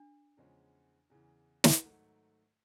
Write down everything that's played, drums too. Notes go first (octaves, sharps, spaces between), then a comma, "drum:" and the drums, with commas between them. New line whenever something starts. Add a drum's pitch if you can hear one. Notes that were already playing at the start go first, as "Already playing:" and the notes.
Already playing: D4
E2 C#3 F3 G#3 C#4
E2 C#3 E3
drum: snare
G#2 D#3 F#3 A3